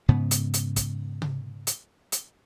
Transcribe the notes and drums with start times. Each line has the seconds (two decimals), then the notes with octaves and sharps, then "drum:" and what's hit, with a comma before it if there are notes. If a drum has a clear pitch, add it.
0.08 G#2 C#3 B3
0.31 drum: hi-hat
0.54 drum: hi-hat
0.76 drum: kick, hi-hat
1.22 drum: tom C3
1.67 drum: hi-hat
2.12 drum: hi-hat